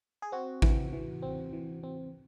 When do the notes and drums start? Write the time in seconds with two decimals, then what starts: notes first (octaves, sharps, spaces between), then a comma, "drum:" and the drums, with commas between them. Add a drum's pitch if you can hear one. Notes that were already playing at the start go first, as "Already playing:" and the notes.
0.22 G#4
0.32 C4 F#4
0.62 E3, drum: kick A1
0.93 E3
1.22 C4
1.53 E3
1.83 C4